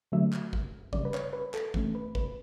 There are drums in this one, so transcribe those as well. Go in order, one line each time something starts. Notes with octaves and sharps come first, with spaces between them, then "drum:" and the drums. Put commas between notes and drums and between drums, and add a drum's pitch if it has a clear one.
D3 F#3 A3 E5
drum: clap
drum: kick
C#3 G3 C#4 D5, drum: kick
B4
C#5, drum: clap
B4
A4, drum: clap
E3 A3 C#4, drum: kick
B4
B4, drum: kick